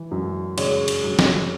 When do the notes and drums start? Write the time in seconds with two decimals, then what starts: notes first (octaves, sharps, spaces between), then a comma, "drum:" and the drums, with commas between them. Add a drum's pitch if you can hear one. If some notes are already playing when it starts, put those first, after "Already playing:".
Already playing: E3
0.11 F#2
0.58 C#3 C#5, drum: cymbal
0.88 drum: cymbal
1.04 F#2
1.19 drum: snare